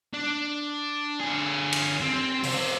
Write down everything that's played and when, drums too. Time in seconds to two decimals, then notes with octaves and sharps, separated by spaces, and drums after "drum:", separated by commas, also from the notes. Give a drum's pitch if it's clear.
0.14 D4
1.20 D3 G#4
1.73 drum: cymbal
2.01 C4
2.43 C#3 C5, drum: open hi-hat